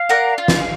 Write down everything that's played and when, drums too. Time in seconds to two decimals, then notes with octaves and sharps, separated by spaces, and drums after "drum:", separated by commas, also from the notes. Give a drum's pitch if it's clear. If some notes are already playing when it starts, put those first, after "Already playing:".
Already playing: F5
0.09 A#4 D5 F#5
0.38 F4
0.48 drum: snare